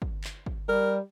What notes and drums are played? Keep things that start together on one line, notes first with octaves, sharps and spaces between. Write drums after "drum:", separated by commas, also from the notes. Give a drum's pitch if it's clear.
drum: kick
drum: clap
drum: kick
G3 A#4